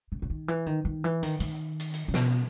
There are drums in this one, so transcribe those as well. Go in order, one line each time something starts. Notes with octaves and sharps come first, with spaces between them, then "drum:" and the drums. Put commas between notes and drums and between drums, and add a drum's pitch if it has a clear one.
C#3
C#3
D#3
E3
D#3
D#3
E3
D#3, drum: hi-hat
D#3, drum: hi-hat
drum: hi-hat
drum: hi-hat
C#3
B2, drum: snare